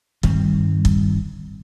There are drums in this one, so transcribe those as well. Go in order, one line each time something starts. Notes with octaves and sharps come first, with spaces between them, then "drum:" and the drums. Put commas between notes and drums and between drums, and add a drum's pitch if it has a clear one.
G2 D#3 G3 C4, drum: kick
drum: kick